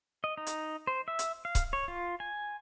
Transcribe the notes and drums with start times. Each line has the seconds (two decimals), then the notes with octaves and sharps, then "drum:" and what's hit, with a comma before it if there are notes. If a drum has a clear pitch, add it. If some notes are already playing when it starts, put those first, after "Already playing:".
0.24 D#5
0.37 D#4
0.47 drum: hi-hat
0.87 C5
1.08 E5
1.19 drum: hi-hat
1.45 F5
1.55 drum: kick C#1, hi-hat
1.73 C#5
1.88 F4
2.20 G#5